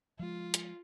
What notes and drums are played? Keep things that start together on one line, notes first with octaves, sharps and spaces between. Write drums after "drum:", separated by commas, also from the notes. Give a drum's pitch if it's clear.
F3 G#3 F4
drum: hi-hat